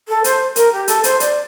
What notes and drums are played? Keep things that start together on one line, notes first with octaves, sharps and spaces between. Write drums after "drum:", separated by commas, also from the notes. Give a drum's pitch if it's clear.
A4
C5, drum: hi-hat
A#4, drum: hi-hat
G4
A4, drum: hi-hat
C5, drum: hi-hat
D5, drum: hi-hat